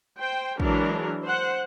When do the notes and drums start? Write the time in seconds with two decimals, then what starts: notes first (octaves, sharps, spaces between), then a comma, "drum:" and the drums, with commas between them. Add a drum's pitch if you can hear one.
0.19 C5 G5
0.60 E3 F#3 G#3 D4 A#4, drum: kick
1.23 C5 F#5